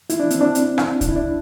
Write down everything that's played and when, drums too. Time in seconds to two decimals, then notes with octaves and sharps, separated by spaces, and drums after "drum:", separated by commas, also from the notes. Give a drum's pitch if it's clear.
0.10 E4, drum: hi-hat
0.20 D4
0.31 C4, drum: hi-hat
0.41 D4
0.55 drum: hi-hat
0.78 drum: rim click
1.01 D4, drum: kick C2, hi-hat
1.08 E4
1.16 D4